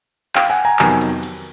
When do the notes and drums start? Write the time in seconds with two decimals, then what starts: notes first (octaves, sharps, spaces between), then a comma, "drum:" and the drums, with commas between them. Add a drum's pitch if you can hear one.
0.35 F5 G5, drum: clap
0.50 F#5 G#5
0.65 G#5 A#5
0.79 F2 C3 D#3 F#3 B3 G#5 A#5, drum: clap
1.01 drum: cymbal
1.23 drum: cymbal